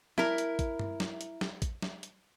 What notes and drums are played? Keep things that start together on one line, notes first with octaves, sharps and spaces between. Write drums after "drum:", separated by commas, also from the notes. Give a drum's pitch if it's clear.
E4 A#4, drum: snare
drum: hi-hat
drum: kick, hi-hat
drum: tom G2
drum: snare
drum: hi-hat
drum: snare
drum: kick, hi-hat
drum: snare
drum: hi-hat